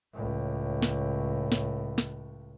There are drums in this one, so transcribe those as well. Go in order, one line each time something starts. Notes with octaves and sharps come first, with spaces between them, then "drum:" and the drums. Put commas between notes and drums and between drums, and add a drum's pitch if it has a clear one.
C#2 A2
drum: snare
drum: snare
drum: snare